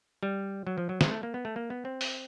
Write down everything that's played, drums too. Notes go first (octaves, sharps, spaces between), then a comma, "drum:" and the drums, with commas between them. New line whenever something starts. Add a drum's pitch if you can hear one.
G3
F#3
F3
F#3
G#3, drum: snare
A3
A#3
B3
A3
A#3
B3
C4
drum: open hi-hat